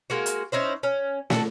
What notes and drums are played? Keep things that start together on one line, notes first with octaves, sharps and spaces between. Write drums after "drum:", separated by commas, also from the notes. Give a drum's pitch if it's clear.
G#3 A#3 F#4
drum: hi-hat
C#4 D#4 E4 C5
C#4
D#3 D4 F#4 A4, drum: snare